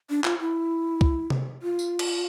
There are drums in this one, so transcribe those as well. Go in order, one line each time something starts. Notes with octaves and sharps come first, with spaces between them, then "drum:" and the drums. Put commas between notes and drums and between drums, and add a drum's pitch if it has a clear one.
D4
F4, drum: clap
E4
drum: kick
drum: tom
F4
drum: tambourine
drum: cymbal